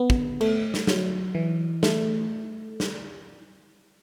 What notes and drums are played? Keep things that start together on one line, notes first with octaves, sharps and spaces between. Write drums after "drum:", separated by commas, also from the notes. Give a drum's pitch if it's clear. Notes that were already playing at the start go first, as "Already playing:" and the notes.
Already playing: B3
drum: kick
A3, drum: cymbal
drum: snare
F#3, drum: snare
E3
A3, drum: snare
drum: snare